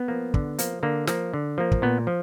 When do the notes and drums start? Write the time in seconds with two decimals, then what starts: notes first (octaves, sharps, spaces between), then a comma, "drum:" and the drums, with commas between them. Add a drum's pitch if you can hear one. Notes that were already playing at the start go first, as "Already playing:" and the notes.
Already playing: B3
0.08 F3 A#3
0.34 D3, drum: kick
0.59 F3 A#3, drum: hi-hat
0.83 D3 A#3
1.07 F3 A#3, drum: snare
1.33 D3
1.58 F3 A#3
1.72 drum: kick
1.82 A#2 B3
2.07 F3